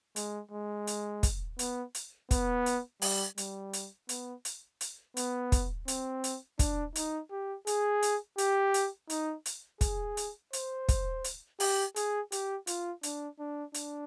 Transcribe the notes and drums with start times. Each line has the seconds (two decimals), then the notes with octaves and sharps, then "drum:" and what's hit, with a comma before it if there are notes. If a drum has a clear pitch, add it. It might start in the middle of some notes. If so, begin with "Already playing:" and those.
0.16 G#3, drum: hi-hat
0.51 G#3
0.87 drum: hi-hat
1.23 drum: kick, hi-hat
1.59 B3, drum: hi-hat
1.95 drum: hi-hat
2.31 B3, drum: kick, hi-hat
2.66 drum: hi-hat
3.02 G3, drum: open hi-hat
3.38 G3, drum: hi-hat
3.73 drum: hi-hat
4.09 B3, drum: hi-hat
4.45 drum: hi-hat
4.81 drum: hi-hat
5.17 B3, drum: hi-hat
5.52 drum: kick, hi-hat
5.88 C4, drum: hi-hat
6.24 drum: hi-hat
6.59 D4, drum: kick, hi-hat
6.96 D#4, drum: hi-hat
7.31 G4
7.67 G#4, drum: hi-hat
8.02 drum: hi-hat
8.38 G4, drum: hi-hat
8.74 drum: hi-hat
9.10 D#4, drum: hi-hat
9.46 drum: hi-hat
9.81 G#4, drum: kick, hi-hat
10.17 drum: hi-hat
10.53 C5, drum: hi-hat
10.89 drum: kick, hi-hat
11.24 drum: hi-hat
11.60 G4, drum: open hi-hat
11.96 G#4, drum: hi-hat
12.32 G4, drum: hi-hat
12.67 F4, drum: hi-hat
13.03 D4, drum: hi-hat
13.39 D4
13.74 D4, drum: hi-hat